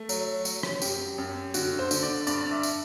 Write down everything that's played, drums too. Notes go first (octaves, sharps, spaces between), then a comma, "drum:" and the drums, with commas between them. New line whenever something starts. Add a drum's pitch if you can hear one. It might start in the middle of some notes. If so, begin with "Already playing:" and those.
Already playing: A3
F#3, drum: tambourine
F#3, drum: tambourine
drum: rim click
F#2 G4, drum: tambourine
F#2
D3 F#4, drum: tambourine
C5
D3, drum: tambourine
D5
G2 D5, drum: tambourine
E5
drum: tambourine